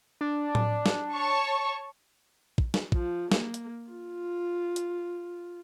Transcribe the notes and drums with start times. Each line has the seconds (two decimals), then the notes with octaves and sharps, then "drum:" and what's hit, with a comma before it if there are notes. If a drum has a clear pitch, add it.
0.21 D4
0.55 drum: tom A2
0.86 drum: snare
1.12 C#5 A5 C#6
2.58 drum: kick
2.74 drum: snare
2.92 F3, drum: kick
3.32 A#3, drum: snare
3.54 drum: hi-hat
3.91 F4
4.76 drum: hi-hat